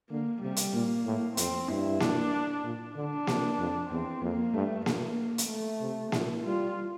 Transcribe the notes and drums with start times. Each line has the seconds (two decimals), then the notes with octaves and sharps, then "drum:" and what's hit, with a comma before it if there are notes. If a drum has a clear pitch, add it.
0.10 D3 A#3
0.42 C3 G3
0.56 drum: hi-hat
0.74 A#2 A#3
1.05 A2
1.37 F2 C4, drum: hi-hat
1.69 G2 E4
2.00 D4, drum: snare A#3
2.64 A#2
2.96 D3 D4
3.27 C3, drum: snare A#3
3.59 F2
3.90 E2 C4
4.22 F2 A#3
4.54 G2 A3
4.86 A#3, drum: snare A#3
5.38 drum: hi-hat
5.49 A3
5.81 C3
6.12 A#2 E4, drum: snare A#3
6.44 G3 F4